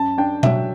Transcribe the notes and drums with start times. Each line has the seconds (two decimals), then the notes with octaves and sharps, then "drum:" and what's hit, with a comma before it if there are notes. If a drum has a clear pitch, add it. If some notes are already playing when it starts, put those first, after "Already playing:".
Already playing: F#2 A5
0.18 D4 G5
0.43 F#3 E5, drum: tom B2